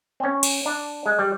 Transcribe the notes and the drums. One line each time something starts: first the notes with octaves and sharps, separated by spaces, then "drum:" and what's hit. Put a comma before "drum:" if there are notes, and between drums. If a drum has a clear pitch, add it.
C4
C#4
drum: cymbal
D4
G#3
G3